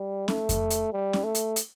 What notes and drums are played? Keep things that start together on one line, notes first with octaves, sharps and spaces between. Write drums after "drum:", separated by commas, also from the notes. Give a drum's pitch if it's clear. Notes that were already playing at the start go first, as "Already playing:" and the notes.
Already playing: G3
A3, drum: snare
drum: kick F2, hi-hat
drum: hi-hat
G3
drum: snare
A3
drum: hi-hat
drum: hi-hat